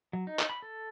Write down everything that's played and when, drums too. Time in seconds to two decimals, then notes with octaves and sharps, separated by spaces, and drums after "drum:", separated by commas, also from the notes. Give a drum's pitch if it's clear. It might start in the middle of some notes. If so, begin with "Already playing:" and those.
0.13 F#3
0.27 D#4
0.39 drum: clap
0.50 B5
0.62 A4